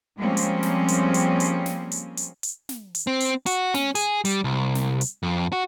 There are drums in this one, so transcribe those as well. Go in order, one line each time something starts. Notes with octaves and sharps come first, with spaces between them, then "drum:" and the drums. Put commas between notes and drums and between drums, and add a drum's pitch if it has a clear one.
F3 G3 G#3 A#3 C4 C#4
drum: hi-hat
drum: snare
drum: hi-hat
drum: hi-hat
drum: hi-hat
drum: snare
drum: hi-hat
drum: hi-hat
drum: hi-hat
drum: snare
drum: hi-hat
C4
drum: hi-hat
F#4, drum: hi-hat
C#4, drum: snare
G#4, drum: hi-hat
G3, drum: hi-hat
C2
drum: snare
drum: hi-hat
F2
F#4